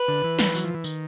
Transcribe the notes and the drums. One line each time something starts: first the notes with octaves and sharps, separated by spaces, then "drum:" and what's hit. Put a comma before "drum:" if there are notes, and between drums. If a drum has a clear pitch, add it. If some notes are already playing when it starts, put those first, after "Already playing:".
Already playing: B4
D3
E3
drum: snare
F#3, drum: tambourine
F3
E3
D#3, drum: tambourine